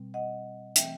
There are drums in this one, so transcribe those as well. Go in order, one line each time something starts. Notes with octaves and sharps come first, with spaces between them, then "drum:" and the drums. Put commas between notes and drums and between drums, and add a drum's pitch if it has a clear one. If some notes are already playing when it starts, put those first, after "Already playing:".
Already playing: B2 G3 C4
D#5 F#5
E3 A3 C4 E5 G5, drum: hi-hat